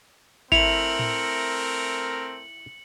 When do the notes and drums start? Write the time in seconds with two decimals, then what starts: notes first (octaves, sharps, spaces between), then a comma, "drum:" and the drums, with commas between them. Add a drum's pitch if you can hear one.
0.52 A3 C4 E4 A#4 C#7 F7 F#7, drum: kick G#1
0.99 drum: tom A2